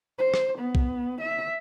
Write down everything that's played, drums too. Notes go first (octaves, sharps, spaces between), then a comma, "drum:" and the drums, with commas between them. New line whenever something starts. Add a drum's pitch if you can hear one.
C5
drum: rim click
B3
drum: kick
E5